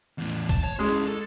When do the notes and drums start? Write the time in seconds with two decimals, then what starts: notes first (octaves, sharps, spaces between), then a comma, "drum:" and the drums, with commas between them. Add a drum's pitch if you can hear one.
0.18 E2 A2
0.30 drum: hi-hat
0.49 A5, drum: kick, open hi-hat
0.64 C#5
0.79 G#3 C#4 E4
0.89 drum: hi-hat
1.05 A4